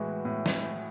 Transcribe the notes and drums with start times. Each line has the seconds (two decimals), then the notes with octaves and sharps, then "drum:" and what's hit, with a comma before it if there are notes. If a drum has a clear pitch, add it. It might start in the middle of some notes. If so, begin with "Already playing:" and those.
Already playing: A2 E3 G#3 F#4
0.25 A2
0.46 drum: snare